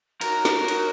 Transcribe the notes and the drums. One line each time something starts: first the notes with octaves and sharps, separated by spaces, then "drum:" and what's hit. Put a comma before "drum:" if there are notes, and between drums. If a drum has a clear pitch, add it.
D#4 F#4 A#4 C#5, drum: cymbal
drum: snare
drum: cymbal